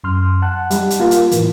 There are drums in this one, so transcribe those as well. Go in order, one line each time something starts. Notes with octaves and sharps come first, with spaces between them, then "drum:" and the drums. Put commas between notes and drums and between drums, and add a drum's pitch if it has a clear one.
F#2 C6 F6
F#5 A5 F#6
G3 D#4, drum: hi-hat
drum: hi-hat
A#3 F4
drum: hi-hat
A2 E3, drum: hi-hat